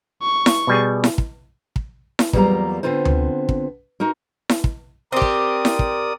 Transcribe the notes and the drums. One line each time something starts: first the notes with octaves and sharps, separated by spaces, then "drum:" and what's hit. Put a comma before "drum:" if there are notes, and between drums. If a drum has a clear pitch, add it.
C#6
drum: snare E4
B2 G3 G#4
drum: snare E4
drum: kick
drum: kick
drum: snare E4
E2 F#3 G3 A#3 F4 A#5, drum: kick
D3 B3 C4 F4 A#4 C5
drum: tom D2
drum: kick
D#4 F#4 A#4
drum: snare E4
drum: kick
C4 G4 A#4 D5 D#6
drum: kick
drum: snare E4
drum: kick